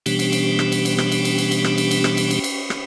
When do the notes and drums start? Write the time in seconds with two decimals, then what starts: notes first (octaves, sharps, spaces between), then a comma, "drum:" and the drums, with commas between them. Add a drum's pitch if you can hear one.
0.06 B2 E3 G3 B3 D4 G4, drum: cymbal
0.19 drum: cymbal
0.32 drum: cymbal
0.59 drum: rim click
0.72 drum: cymbal
0.85 drum: cymbal
0.98 drum: rim click
1.12 drum: cymbal
1.25 drum: cymbal
1.38 drum: cymbal
1.51 drum: cymbal
1.64 drum: rim click
1.78 drum: cymbal
1.91 drum: cymbal
2.04 drum: rim click
2.17 drum: cymbal
2.30 drum: cymbal
2.44 drum: cymbal
2.70 drum: rim click